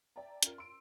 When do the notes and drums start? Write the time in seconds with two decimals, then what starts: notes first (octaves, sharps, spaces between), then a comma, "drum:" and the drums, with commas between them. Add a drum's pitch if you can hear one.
0.16 D5 E5 G5 A5 A#5
0.43 C#4 F4 A#4, drum: hi-hat
0.58 C6 E6 D7